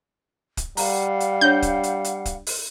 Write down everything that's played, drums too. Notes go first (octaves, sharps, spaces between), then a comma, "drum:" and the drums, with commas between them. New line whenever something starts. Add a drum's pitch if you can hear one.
drum: kick, hi-hat
G3 F5 F#5 A#5, drum: open hi-hat
drum: hi-hat
D4 C#5 G6
drum: kick, hi-hat
drum: hi-hat
drum: hi-hat
drum: kick, hi-hat
drum: open hi-hat